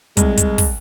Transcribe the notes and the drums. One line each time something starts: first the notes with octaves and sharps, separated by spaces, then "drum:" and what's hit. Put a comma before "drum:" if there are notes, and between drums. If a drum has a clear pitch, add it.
C2 G#3, drum: kick, hi-hat
drum: kick, hi-hat
drum: kick, open hi-hat